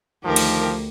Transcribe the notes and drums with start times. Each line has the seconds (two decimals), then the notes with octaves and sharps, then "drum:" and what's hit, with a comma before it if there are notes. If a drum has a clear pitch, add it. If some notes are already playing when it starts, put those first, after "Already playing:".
0.25 D2 D#3 F3 G4 A#4
0.36 drum: cymbal